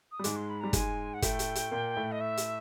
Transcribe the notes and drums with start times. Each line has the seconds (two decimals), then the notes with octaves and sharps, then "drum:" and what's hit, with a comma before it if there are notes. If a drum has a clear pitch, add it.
0.12 D#6
0.19 G3
0.24 G#2 G#3 D6, drum: hi-hat
0.36 C6
0.49 B5
0.61 G3 A#5
0.73 G#2 G#3 G#5, drum: kick, hi-hat
1.14 F#5
1.22 A2 A3 G5, drum: kick, hi-hat
1.39 drum: hi-hat
1.55 drum: hi-hat
1.71 A#2 A#3
1.96 A2 A3
2.12 D#5
2.21 E5
2.37 drum: hi-hat